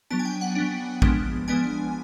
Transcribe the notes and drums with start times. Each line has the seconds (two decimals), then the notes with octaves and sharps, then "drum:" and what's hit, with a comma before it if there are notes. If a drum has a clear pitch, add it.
0.10 F#3 B3 D4 A5
0.19 G#5
0.25 G5
0.41 F#5
0.55 F#3 B3 D4
1.02 F3 G#3 B3 D4, drum: kick A1
1.48 F3 G#3 B3 D4 G#5